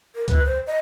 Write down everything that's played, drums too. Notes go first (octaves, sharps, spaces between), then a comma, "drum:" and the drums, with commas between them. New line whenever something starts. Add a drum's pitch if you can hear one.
A#4
B4, drum: kick C#2, hi-hat
C5
D#5